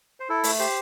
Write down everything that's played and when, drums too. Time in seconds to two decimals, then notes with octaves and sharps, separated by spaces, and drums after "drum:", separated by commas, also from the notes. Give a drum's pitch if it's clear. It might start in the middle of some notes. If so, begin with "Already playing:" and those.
0.20 C5
0.29 E4 A4
0.44 A3, drum: open hi-hat
0.59 G4 C5